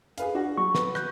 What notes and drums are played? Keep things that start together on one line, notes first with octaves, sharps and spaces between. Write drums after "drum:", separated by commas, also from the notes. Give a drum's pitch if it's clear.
G#4 B4 F5, drum: hi-hat
D4 F#4 F#5
F#3 C#6
B4, drum: snare
F#6 G6, drum: rim click